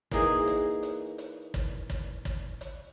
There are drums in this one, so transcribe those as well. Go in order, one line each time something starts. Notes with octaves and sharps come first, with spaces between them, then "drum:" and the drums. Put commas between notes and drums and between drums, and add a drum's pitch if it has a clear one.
E3 A#3 D#4 G#4, drum: kick, hi-hat
drum: hi-hat
drum: hi-hat
drum: hi-hat
drum: kick, hi-hat
drum: kick, hi-hat
drum: kick, hi-hat
drum: hi-hat